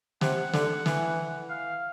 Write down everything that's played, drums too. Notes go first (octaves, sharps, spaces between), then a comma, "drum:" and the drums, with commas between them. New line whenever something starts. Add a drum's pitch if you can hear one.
C3 F#5, drum: snare
D3, drum: snare
E3, drum: snare
F5